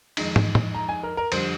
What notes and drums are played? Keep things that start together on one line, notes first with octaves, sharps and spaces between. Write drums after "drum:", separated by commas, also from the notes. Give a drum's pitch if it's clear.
F2 D#3 G#3 D#4, drum: cymbal
drum: tom
drum: tom
A#5
G#5
A#4
A#4
F2 D3 G3 C5, drum: cymbal